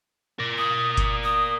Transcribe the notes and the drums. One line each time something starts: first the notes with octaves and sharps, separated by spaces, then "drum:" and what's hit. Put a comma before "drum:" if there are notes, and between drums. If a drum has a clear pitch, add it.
A#4 D5
D#6
drum: kick G1, hi-hat
D#6